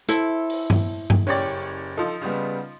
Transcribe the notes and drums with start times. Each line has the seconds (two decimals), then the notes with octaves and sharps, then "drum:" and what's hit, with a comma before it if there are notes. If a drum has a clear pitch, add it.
0.09 E4 A4 C5, drum: hi-hat
0.50 drum: open hi-hat
0.70 drum: tom G2
1.10 drum: tom G2
1.27 F#1 C#4 G4 C#5 D5 A6
1.97 F3 D#4 A4
2.21 C#3 G3 B3